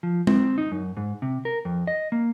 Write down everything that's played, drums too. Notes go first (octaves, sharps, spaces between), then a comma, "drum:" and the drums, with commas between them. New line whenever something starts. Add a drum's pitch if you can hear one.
F3
C4, drum: tom G#3
D#4
F#2
G#2
C3
A#4
F2
D#5
A#3